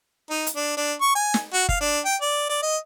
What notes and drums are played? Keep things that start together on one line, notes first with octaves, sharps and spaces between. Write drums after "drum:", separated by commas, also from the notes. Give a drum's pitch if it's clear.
D#4
drum: hi-hat
D4
D4
C#6
G#5
drum: snare
F#4
F5, drum: kick F#1
D4
G5
D5
D5
D#5